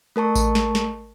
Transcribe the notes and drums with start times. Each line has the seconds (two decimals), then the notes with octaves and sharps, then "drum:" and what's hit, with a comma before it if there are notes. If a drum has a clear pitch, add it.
0.16 A3 A#4 A5 C#6
0.36 drum: kick A1, tambourine
0.55 drum: snare
0.75 drum: snare